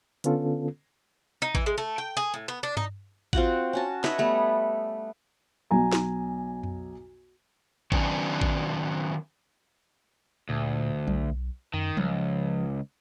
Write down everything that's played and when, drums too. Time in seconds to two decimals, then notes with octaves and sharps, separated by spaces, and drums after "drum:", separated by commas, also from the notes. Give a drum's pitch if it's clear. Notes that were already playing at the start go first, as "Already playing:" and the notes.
0.24 D3 B3 C#4 F4 A4, drum: hi-hat
1.42 D#4
1.55 E3, drum: kick A1
1.66 G#3
1.78 A3
1.98 G5
2.17 G#4
2.34 A2
2.48 B3
2.63 D4
2.77 D#4, drum: tom G2
3.33 C4 F4 F#4 F#5, drum: kick A1
3.73 C#4 F#4 A5
4.04 B4 C#5 D#5 E5, drum: snare
4.18 G3 A3 B3
5.71 B1 G#5 A#5
5.92 drum: snare
6.63 drum: tom F2
7.92 D#3 F#3 B3 C#4 D4, drum: kick A1
8.42 drum: kick A1
10.49 D2 A#2
11.07 B1, drum: tom F#3
11.74 F#2 D#3
11.97 C#2 F3, drum: tom F#3